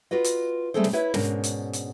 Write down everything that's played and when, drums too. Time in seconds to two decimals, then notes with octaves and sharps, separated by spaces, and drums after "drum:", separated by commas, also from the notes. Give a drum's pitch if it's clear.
0.11 F4 F#4 B4 D#5
0.24 drum: hi-hat
0.74 G3 A3 C4 G#4 A4 C5
0.84 drum: snare
0.93 E4 B4 C#5 E5
1.14 G#2 B2 C#4 D4 A#4, drum: snare
1.44 drum: hi-hat
1.73 drum: hi-hat